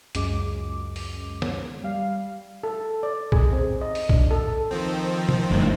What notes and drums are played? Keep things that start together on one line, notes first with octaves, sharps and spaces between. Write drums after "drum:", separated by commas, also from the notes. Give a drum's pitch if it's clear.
C#2 F#2 G#3 D6, drum: hi-hat
drum: open hi-hat
drum: snare
G3 F5
A4
D5
G#4, drum: kick
C4
D#5
drum: open hi-hat
D4, drum: kick
A4
D#3 F3 C4
drum: tom C3
F#1 D2 G2